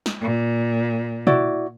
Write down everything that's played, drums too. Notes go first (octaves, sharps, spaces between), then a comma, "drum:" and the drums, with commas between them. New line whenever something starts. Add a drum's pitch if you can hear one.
drum: snare
A#2
E4 F#4 D5, drum: tom B2